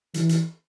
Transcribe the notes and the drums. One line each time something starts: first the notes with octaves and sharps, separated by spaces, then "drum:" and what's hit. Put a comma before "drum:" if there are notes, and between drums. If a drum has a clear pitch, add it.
E3, drum: hi-hat
drum: hi-hat